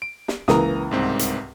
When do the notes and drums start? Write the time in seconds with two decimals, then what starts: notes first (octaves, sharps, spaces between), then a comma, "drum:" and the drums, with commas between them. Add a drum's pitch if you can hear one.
0.02 D7
0.28 drum: snare
0.48 C#2 E3 A#3 A#5 D#6, drum: snare
0.91 C2 G#2 C4
1.19 drum: hi-hat